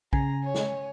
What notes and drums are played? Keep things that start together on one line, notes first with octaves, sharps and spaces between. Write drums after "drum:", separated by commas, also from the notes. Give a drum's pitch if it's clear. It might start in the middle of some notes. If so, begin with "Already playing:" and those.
C#3 G#5 A#5, drum: kick
C#5
drum: snare